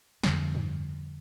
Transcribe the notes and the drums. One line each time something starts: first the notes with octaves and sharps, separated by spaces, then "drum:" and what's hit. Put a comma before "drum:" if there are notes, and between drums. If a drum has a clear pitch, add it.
F2 D3 G3, drum: snare
drum: tom G2